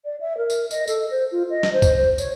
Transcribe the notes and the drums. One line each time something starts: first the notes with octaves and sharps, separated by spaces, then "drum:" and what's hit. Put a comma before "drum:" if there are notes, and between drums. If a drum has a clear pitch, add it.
D5
E5
A#4
drum: tambourine
D#5, drum: tambourine
A4, drum: tambourine
C5
F4
D#5
drum: snare
C5
drum: kick C2, tambourine
C5
C#5, drum: tambourine